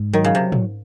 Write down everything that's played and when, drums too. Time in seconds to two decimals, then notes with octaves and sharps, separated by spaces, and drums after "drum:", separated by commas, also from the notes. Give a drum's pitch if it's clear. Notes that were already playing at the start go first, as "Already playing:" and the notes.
Already playing: G#2
0.13 D#3 F#3
0.24 C#3
0.35 C3
0.52 drum: tom